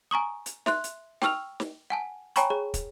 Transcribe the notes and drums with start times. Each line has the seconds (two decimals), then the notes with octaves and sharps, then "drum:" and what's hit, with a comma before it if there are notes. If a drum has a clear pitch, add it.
0.11 G#5 A#5 C#6 D#6
0.46 drum: hi-hat
0.66 E5 C6 F#6, drum: snare
0.84 drum: hi-hat
1.22 G5 A5 C#6 E6 F6 F7, drum: snare
1.60 drum: snare
1.90 F#5 G#5 A5
2.36 C#5 G5 G#5 A#5 B5 C#6, drum: hi-hat
2.50 G#4 C#5
2.74 drum: kick, hi-hat